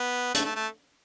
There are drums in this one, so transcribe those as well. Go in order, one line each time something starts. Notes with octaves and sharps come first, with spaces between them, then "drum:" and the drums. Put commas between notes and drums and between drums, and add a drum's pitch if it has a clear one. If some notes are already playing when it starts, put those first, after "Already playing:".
Already playing: B3
A3, drum: hi-hat
A3
A3